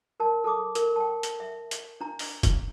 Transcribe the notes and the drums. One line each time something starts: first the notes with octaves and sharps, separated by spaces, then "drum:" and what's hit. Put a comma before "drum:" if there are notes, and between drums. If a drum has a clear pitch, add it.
A#4 A5
A4 A5 D6 D#6
A#4, drum: hi-hat
G5 A5
drum: hi-hat
E5
drum: hi-hat
D4 A#5
drum: open hi-hat
drum: kick, hi-hat